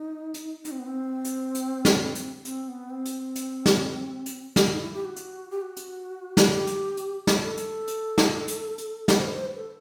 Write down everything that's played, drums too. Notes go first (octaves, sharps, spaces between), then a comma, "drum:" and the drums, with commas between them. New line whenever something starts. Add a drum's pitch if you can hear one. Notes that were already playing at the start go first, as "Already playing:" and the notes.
Already playing: D#4
drum: hi-hat
D#4, drum: hi-hat
C4
B3
C4
drum: hi-hat
drum: hi-hat
drum: snare
drum: hi-hat
C4, drum: hi-hat
B3
C4
drum: hi-hat
drum: hi-hat
drum: snare
drum: hi-hat
drum: snare
D#4
E4
G4
F#4
drum: hi-hat
G4
F#4
drum: hi-hat
drum: snare
G4
drum: hi-hat
drum: hi-hat
drum: snare
A4
drum: hi-hat
drum: hi-hat
drum: snare
drum: hi-hat
drum: hi-hat
drum: snare
C5
B4
C5
B4
A4